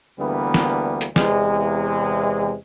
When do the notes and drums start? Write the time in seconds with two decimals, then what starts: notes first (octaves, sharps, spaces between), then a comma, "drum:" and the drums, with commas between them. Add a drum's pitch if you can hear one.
0.19 D2 D3 E3 G3 A#3 B3
0.54 drum: snare
1.01 drum: hi-hat
1.16 E2 C3 G#3, drum: snare